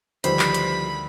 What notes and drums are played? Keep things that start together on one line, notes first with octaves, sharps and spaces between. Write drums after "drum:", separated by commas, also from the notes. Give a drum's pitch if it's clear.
D2 D#3 F3 G3 G4 B4 C5 B5, drum: hi-hat
drum: clap
drum: hi-hat